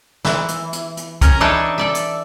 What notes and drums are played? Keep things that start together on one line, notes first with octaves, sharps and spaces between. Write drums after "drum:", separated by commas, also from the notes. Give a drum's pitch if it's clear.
E3, drum: snare
drum: hi-hat
drum: hi-hat
drum: hi-hat
C#4 A#4, drum: kick, hi-hat
E3 D4 D#4 A4 C#5 A5
A4 D5 E5
drum: hi-hat